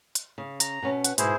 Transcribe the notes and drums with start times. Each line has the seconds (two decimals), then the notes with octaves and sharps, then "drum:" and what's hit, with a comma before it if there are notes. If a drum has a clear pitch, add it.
0.15 drum: hi-hat
0.38 C#3
0.60 A#5, drum: hi-hat
0.82 B2 B3 C#4
1.04 F#5, drum: hi-hat
1.18 G#2 B2 E4 G#4 C5, drum: hi-hat